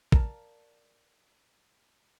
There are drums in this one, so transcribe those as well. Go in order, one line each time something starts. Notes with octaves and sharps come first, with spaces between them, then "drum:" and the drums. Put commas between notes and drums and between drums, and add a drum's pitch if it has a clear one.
A#4 D5 F5 A5 A#5, drum: kick